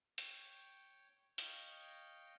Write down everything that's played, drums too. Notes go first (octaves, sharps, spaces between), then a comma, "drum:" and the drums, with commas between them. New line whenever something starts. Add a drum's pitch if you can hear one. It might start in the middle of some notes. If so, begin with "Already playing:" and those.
C#5 G5, drum: hi-hat
C#5 D#5 F5 G5, drum: hi-hat